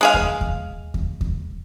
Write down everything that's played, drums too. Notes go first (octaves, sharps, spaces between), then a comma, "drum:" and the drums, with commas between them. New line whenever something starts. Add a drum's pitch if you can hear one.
G#3 G#4 F5
drum: kick D#2
drum: kick D#2
drum: kick D#2
drum: kick D#2